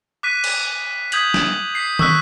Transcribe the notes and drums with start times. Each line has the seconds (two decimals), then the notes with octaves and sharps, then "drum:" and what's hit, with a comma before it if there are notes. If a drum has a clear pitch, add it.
0.23 D6 F#6 B6 D#7
0.44 drum: cymbal
1.12 D#6 G6 G#6 B6 F7 F#7, drum: hi-hat
1.34 drum: snare
1.75 B6 C7
1.99 C#6 E6 F#6 B6, drum: tom